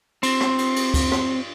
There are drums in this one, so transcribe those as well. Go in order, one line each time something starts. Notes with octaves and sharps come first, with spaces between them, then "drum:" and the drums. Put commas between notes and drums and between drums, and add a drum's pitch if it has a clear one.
C4, drum: cymbal
drum: rim click
drum: cymbal
drum: cymbal
drum: kick D2, cymbal
drum: rim click